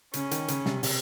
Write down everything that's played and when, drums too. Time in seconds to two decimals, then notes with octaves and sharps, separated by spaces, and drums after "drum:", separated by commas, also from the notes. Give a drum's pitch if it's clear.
0.14 C#3 C#4, drum: hi-hat
0.31 D#3, drum: hi-hat
0.48 C#3, drum: hi-hat
0.66 C3, drum: snare
0.83 C3, drum: open hi-hat